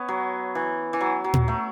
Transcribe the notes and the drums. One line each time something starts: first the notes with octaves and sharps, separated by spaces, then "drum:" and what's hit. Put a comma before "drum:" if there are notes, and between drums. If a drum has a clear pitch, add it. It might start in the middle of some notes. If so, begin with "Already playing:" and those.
Already playing: B3 C#4
F#3
E3
E3
F#3
F#3
drum: tom A#2
A3